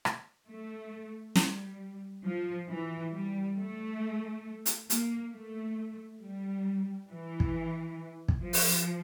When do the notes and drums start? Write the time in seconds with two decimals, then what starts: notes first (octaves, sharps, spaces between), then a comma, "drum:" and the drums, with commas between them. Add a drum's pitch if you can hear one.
0.05 drum: rim click
0.47 A3
1.36 G3, drum: snare
2.24 F3
2.69 E3
3.13 G3
3.57 A3
4.66 drum: hi-hat
4.90 A#3, drum: hi-hat
5.34 A3
6.22 G3
7.10 E3
7.40 drum: kick
8.28 drum: kick
8.43 F3
8.53 drum: open hi-hat